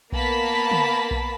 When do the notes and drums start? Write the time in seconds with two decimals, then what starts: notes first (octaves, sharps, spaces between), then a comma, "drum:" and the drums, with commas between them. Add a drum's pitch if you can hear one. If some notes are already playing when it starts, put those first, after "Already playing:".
0.12 A#3 B3 A#4 A5 B5 B6, drum: kick B1
0.71 drum: tom
1.11 drum: kick B1